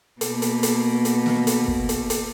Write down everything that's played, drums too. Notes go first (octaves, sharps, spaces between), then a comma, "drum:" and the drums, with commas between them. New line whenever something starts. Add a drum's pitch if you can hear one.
B2 A#3, drum: hi-hat
drum: hi-hat
drum: hi-hat
drum: hi-hat
drum: snare
drum: hi-hat
drum: kick
drum: hi-hat
drum: hi-hat